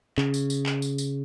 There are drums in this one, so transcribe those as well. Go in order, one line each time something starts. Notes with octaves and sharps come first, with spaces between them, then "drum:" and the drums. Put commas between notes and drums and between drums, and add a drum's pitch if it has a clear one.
C#3, drum: clap
drum: tambourine
drum: tambourine
drum: clap
drum: tambourine
drum: tambourine